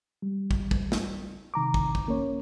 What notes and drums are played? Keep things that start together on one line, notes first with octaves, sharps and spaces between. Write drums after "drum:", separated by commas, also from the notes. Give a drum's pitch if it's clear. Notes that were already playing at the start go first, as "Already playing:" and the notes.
G3
drum: kick
drum: kick
drum: snare
C3 D#3 A#5 D6
drum: kick
drum: kick
A#3 C#4 C#5